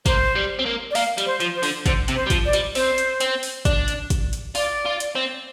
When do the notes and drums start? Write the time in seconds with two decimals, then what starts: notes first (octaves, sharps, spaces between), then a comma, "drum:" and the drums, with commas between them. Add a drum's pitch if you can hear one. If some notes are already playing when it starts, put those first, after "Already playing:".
0.06 A#3 C5, drum: kick, hi-hat
0.35 G3
0.59 C4
0.66 A#3
0.91 D5
0.95 A#3 F5, drum: open hi-hat
1.18 G3, drum: hi-hat
1.26 C5
1.40 F3, drum: hi-hat
1.56 C5
1.63 D3, drum: open hi-hat
1.86 D3 C5, drum: kick, hi-hat
2.08 C3, drum: hi-hat
2.15 C5
2.26 G3
2.30 F3, drum: kick, hi-hat
2.45 D5
2.53 G3, drum: hi-hat
2.75 C4 C5, drum: open hi-hat
2.98 drum: hi-hat
3.20 C4, drum: hi-hat
3.43 drum: open hi-hat
3.65 D4, drum: kick, hi-hat
3.88 drum: hi-hat
4.10 drum: kick, hi-hat
4.33 drum: hi-hat
4.55 F4 D5, drum: open hi-hat
4.85 F4
5.00 drum: hi-hat
5.15 C4